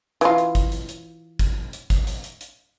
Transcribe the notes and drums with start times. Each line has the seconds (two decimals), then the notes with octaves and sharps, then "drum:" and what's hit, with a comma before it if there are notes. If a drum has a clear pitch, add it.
0.21 E3 F4, drum: hi-hat
0.38 drum: hi-hat
0.55 drum: kick, hi-hat
0.72 drum: hi-hat
0.89 drum: hi-hat
1.39 drum: kick, hi-hat
1.73 drum: hi-hat
1.90 drum: kick, hi-hat
2.07 drum: hi-hat
2.24 drum: hi-hat
2.41 drum: hi-hat